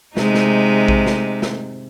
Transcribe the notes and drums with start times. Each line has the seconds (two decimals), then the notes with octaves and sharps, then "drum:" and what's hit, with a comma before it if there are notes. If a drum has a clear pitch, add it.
0.17 C3 G#3 D#4, drum: snare
0.35 drum: snare
0.88 drum: kick A#1
1.06 drum: snare
1.42 drum: snare